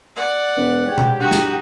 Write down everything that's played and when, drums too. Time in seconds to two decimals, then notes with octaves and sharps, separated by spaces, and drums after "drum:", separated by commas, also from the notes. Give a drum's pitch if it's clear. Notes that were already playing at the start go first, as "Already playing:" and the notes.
0.16 D5 F#5
0.57 E1 B4
0.87 G#2 G4 C#5
0.98 drum: tom B2
1.20 G2 D#4 F#4 F#5
1.31 drum: snare